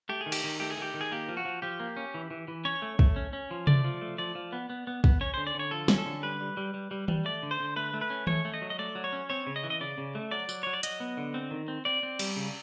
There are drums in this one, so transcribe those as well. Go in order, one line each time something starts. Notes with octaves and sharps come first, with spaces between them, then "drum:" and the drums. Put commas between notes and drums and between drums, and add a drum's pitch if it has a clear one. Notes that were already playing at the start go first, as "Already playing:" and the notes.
A3 G4
G#4
D#3
G4, drum: cymbal
D#3
A3 G4
G#4
D#3 G4
D#3
G#4
A#3 G4
F3
F#4
F3
F3 G4
A#3
C#4
E3
E3
E3
C#4 C#5
A3
A3, drum: kick
C#4
C#4
F3
A3 D5, drum: tom C3
F3
A3
F3 D5
F3
B3
B3
B3
B3, drum: kick
C#4 C#5
D3 C5
D5
D3 C#5
F3 A4
C#4, drum: snare
A4
D3
G3 B4
G3
G3
G3
G3
G3, drum: tom D#3
A3 D5
D3
C5
D3
A3 B4
A3
B4
C#4
A3 C#5, drum: tom D#3
A3
D#5
F#3
D#5
A3 D5
F#3
C#5
C#4
C4 C#5
C#3
D#5
E3
D#5
C#3 D5
C#3
A3
F#3 D5
F#3, drum: tambourine
F#3 C#5
D5
F#3 D#5, drum: hi-hat
B3
D3
C4
D#3
C4
C4 D5
C4
G3, drum: cymbal
C#3